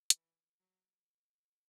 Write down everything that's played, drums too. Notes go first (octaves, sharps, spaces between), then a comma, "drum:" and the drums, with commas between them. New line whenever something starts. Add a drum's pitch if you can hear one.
E3, drum: hi-hat
F#3